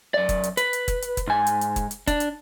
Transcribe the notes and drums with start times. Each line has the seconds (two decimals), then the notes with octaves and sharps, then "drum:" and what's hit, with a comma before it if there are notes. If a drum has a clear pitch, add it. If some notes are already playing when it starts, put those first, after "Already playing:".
0.14 F#2 D5
0.29 drum: kick, hi-hat
0.44 drum: hi-hat
0.57 B4, drum: hi-hat
0.73 drum: hi-hat
0.88 drum: kick, hi-hat
1.02 drum: hi-hat
1.17 drum: kick, hi-hat
1.27 G#2 G#5
1.47 drum: hi-hat
1.61 drum: hi-hat
1.76 drum: kick, hi-hat
1.91 drum: hi-hat
2.07 D4, drum: kick, hi-hat
2.20 drum: hi-hat